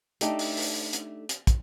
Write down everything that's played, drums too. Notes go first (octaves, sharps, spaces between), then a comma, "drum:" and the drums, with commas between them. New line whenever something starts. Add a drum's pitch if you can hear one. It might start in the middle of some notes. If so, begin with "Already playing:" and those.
A3 D4 D#4 G4 A4, drum: hi-hat
drum: open hi-hat
drum: open hi-hat
drum: hi-hat
drum: hi-hat
drum: kick, hi-hat